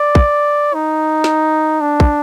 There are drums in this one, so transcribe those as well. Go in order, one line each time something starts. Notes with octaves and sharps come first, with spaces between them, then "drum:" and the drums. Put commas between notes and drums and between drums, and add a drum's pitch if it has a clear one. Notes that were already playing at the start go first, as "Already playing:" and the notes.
Already playing: D5
drum: kick
D#4
drum: snare
D4
drum: kick